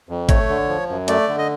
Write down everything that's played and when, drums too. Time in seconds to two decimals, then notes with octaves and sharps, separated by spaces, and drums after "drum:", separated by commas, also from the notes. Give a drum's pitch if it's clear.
0.09 F2
0.29 A3 C#5, drum: kick, hi-hat
0.49 D3
0.69 F3
0.89 F#2
1.08 A3 D5, drum: hi-hat
1.28 D3
1.38 D#5